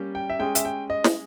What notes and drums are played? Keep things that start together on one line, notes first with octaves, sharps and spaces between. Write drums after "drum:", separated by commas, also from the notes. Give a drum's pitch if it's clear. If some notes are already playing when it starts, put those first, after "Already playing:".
Already playing: G3 A#3 C#4 G4
G5
E5
G#3 C#4 G#4 G5
E5, drum: hi-hat
G5
D#5
drum: snare